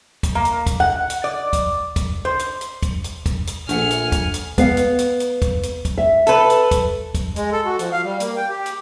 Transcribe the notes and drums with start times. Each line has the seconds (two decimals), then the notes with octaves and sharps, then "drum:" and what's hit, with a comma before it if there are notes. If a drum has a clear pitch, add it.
0.23 drum: kick, hi-hat
0.35 A#3
0.45 drum: hi-hat
0.67 drum: kick, hi-hat
0.80 F#5
1.10 drum: hi-hat
1.24 D5
1.53 drum: kick, hi-hat
1.96 drum: kick, hi-hat
2.25 C5
2.39 drum: hi-hat
2.61 drum: hi-hat
2.83 drum: kick, hi-hat
3.04 drum: hi-hat
3.26 drum: kick, hi-hat
3.47 drum: hi-hat
3.69 A#1 A3 D4 E5 F#5 G#5 F6 C#7, drum: hi-hat
3.91 drum: hi-hat
4.12 drum: kick, hi-hat
4.34 drum: hi-hat
4.58 B3 F5, drum: kick, hi-hat
4.77 drum: hi-hat
4.99 drum: hi-hat
5.20 drum: hi-hat
5.42 drum: kick, hi-hat
5.63 drum: hi-hat
5.85 drum: kick, hi-hat
5.98 E5
6.27 A4 B4, drum: hi-hat
6.50 drum: hi-hat
6.71 drum: kick, hi-hat
7.15 drum: kick, hi-hat
7.36 G#3, drum: hi-hat
7.53 A4
7.65 F#4
7.79 F3, drum: hi-hat
7.93 F5
8.04 G3
8.20 A#3, drum: hi-hat
8.37 G5
8.50 G4
8.66 drum: hi-hat